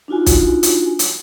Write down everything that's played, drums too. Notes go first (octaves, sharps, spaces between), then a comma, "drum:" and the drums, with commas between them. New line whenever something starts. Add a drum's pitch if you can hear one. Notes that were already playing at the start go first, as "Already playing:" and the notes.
D4 D#4 F4 F#4 G#5
drum: kick, hi-hat
drum: hi-hat
drum: hi-hat